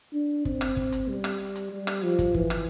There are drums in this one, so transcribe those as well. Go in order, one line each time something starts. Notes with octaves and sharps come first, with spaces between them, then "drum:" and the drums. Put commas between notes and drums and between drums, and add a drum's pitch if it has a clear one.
D4
C4, drum: kick
drum: rim click
drum: kick
drum: hi-hat
G3
drum: rim click
drum: hi-hat
G3
drum: rim click
F3
drum: kick, hi-hat
E3, drum: kick
drum: rim click